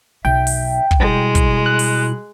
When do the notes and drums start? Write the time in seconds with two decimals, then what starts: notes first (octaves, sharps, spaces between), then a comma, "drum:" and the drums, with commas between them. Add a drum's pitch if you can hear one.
0.25 B1 E5 G5
0.47 drum: open hi-hat
0.91 drum: kick
1.00 B2 G3 G#3 E4
1.35 drum: kick, hi-hat
1.66 F#6
1.79 drum: open hi-hat